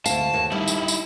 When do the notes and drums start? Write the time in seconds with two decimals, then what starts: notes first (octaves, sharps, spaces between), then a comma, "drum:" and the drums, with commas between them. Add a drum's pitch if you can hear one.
0.06 D2 F5 A5, drum: tambourine
0.33 D#2
0.52 G3 D#4 E4
0.68 drum: tambourine
0.88 drum: tambourine